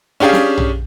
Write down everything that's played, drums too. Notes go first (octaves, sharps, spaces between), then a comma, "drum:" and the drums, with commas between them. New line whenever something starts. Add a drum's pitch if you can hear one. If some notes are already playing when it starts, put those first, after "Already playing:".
C#4 D4 G4 G#4 F5
drum: snare
drum: tom